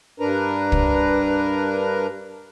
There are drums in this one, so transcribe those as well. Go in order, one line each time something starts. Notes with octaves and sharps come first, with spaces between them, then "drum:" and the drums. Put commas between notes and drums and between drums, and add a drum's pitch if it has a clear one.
G2 D4 A#4 B4 A#5
drum: kick